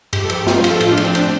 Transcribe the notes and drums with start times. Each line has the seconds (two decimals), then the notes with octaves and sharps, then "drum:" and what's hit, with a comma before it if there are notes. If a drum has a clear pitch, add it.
0.13 G2 G4, drum: cymbal
0.24 A4
0.30 F3, drum: cymbal
0.35 G4
0.47 G2 F4, drum: snare
0.58 F4
0.64 F3, drum: cymbal
0.70 A4
0.80 A2 F4, drum: cymbal
0.92 D4
0.97 F3, drum: cymbal
1.04 C4
1.15 A2 D4, drum: cymbal